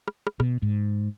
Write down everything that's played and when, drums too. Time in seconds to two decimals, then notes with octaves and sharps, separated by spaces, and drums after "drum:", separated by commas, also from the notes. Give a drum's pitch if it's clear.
0.08 drum: rim click
0.27 drum: rim click
0.40 B2, drum: rim click
0.62 G#2